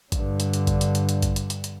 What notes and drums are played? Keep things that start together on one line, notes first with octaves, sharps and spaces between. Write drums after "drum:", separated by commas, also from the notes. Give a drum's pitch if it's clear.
G2 D3, drum: kick, hi-hat
drum: hi-hat
drum: hi-hat
drum: kick, hi-hat
drum: hi-hat
drum: hi-hat
drum: hi-hat
drum: kick, hi-hat
drum: hi-hat
drum: hi-hat
drum: hi-hat